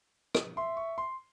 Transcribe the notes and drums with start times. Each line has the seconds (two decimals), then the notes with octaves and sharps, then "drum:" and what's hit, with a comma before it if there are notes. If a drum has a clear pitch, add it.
0.35 drum: rim click
0.57 E5 C6
0.77 C#6
0.98 C6